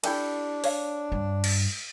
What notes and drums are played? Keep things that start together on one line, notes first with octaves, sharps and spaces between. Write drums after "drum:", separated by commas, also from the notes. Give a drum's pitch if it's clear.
D4 E4 G4 A4, drum: cymbal
C#5 F5, drum: open hi-hat
G2
drum: cymbal